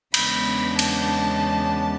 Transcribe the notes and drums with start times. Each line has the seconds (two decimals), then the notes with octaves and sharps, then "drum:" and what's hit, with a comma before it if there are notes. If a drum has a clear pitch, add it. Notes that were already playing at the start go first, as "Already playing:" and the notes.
0.14 E2 C#3 G#3 B3 D4 B5, drum: cymbal
0.79 A5, drum: cymbal